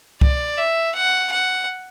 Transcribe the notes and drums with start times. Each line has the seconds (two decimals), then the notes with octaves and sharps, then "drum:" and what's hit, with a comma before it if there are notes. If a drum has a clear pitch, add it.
0.21 D5, drum: kick C2
0.58 E5
0.95 F#5
1.32 F#5